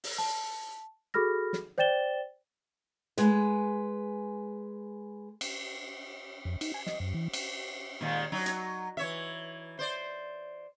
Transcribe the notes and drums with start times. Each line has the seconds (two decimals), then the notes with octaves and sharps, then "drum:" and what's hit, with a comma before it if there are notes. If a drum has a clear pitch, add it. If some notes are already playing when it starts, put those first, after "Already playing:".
0.04 drum: open hi-hat
0.18 A5
1.14 F#4 G#4 A4 B5 F6 A#6
1.53 drum: snare
1.78 C5 D5 G5 A6 E7 G7
3.18 G#3 B4, drum: hi-hat
5.41 drum: cymbal
6.45 F2
6.61 D#4, drum: cymbal
6.74 G#5
6.86 D#5, drum: snare
7.00 F#2
7.14 E3
7.33 drum: cymbal
8.01 A#2 D#3 G#3
8.32 F#3 D#4
8.46 drum: hi-hat
8.97 E3 C#5 E5
9.79 C5 D5